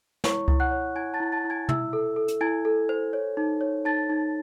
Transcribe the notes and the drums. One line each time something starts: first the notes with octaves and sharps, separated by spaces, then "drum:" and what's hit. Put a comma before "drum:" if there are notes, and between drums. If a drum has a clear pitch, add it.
E4 C#5 C#6, drum: snare
E4, drum: kick C#2
F#5 F#6
C#5
E4 G#5 G#6
A5 A6
E4
A5 A6
E4
G#5 G#6
E4 E5 E6, drum: tom
A4
A4
drum: hi-hat
E4 G#5 G#6
A4
C5
C#5
D#4
C#5
D#4 A5 A6
D#4